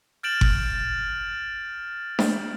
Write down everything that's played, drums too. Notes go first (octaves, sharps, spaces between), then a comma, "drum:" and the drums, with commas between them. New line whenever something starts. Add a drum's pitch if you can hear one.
F6 G6 A6 D7 E7 F#7
drum: kick G1
drum: snare D4